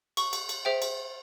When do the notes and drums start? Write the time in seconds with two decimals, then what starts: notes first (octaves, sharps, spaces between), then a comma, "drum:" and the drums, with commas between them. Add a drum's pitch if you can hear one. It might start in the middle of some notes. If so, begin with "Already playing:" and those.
0.17 C#6, drum: cymbal
0.33 drum: cymbal
0.49 drum: cymbal
0.65 G#4 C5 E5 G5
0.82 drum: cymbal